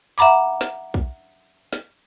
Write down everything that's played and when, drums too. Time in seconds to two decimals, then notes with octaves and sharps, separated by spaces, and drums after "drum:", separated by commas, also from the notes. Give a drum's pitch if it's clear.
0.18 E5 F#5 A#5 B5 D6
0.61 drum: snare
0.94 drum: kick
1.73 drum: snare